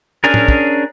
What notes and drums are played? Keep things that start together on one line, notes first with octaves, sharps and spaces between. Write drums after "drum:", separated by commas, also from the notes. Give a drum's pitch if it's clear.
C#4 D4 G#4 A#4
drum: tom A2
drum: kick